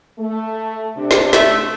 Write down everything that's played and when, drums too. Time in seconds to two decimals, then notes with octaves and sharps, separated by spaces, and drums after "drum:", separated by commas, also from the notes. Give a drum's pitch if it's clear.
0.18 A3
0.96 C3 D4
1.11 drum: snare
1.33 A3 E5, drum: snare